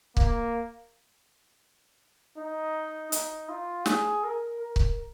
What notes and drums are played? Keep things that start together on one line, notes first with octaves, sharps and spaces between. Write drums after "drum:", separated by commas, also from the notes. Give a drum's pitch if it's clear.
A#3, drum: kick C#1
D#4
D#4, drum: hi-hat
F4
G#4, drum: snare
A#4
A#4
drum: kick C#1